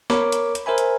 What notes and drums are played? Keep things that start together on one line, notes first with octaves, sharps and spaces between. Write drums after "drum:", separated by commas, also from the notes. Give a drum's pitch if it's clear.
A#4 C#5 B5 D6, drum: snare
drum: hi-hat
drum: hi-hat
A#4 C5 E5 G#5 B5
drum: hi-hat